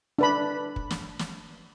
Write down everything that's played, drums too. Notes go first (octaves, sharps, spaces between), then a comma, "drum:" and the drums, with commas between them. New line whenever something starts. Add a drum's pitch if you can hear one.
D4 B4 B5
drum: kick
drum: snare
drum: snare